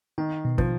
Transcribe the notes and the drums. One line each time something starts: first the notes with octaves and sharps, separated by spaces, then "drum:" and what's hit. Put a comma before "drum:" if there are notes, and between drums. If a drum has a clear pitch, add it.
D#3 D#4
B2
F3, drum: kick